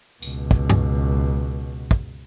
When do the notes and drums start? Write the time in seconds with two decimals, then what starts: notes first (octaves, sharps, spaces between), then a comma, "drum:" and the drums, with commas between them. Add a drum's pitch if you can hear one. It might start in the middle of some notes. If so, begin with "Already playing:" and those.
0.22 C#2 B2, drum: tambourine
0.51 drum: kick
0.70 drum: tom G2
1.91 drum: kick